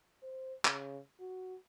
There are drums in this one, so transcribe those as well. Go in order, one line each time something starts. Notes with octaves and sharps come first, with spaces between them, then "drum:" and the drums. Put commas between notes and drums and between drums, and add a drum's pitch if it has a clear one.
C5
C#3, drum: clap
F#4